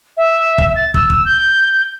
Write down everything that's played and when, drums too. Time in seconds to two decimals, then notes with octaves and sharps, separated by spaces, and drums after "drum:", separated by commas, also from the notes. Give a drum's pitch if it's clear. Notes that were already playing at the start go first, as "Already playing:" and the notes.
0.17 E5
0.58 drum: kick
0.76 A6
0.94 E6, drum: kick
1.10 drum: kick
1.25 G6